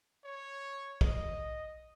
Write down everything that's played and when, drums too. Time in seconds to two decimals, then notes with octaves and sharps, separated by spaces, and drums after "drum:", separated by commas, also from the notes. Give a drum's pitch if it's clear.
0.24 C#5
1.01 D#5, drum: kick